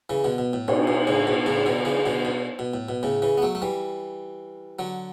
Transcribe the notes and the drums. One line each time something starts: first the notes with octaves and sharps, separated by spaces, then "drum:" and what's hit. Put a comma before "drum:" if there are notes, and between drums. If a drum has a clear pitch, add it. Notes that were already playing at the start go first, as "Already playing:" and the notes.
C#3 E3
B2 D3
B2
A2
B2, drum: cymbal
B2
A2 C#3
B2
A2 C#3
B2 D3
C#3 E3
B2 D3
B2
B2
A2
B2
A2 C#3
C#3 E3
B3
F#3 A3
A3
E3 G3
D3 F#3